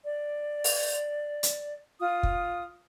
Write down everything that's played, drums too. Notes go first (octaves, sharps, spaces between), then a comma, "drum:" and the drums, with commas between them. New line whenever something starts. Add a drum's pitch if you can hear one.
D5
drum: open hi-hat
drum: hi-hat
F4 D#6
drum: kick